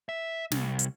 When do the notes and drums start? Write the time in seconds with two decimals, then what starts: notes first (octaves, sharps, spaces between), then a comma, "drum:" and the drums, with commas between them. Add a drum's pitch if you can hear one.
0.09 E5
0.52 C2, drum: snare
0.79 drum: hi-hat